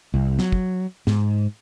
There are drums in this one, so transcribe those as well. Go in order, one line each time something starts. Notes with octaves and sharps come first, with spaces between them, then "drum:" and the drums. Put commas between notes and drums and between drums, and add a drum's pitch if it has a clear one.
C2
F#3, drum: snare
drum: kick
G#2, drum: snare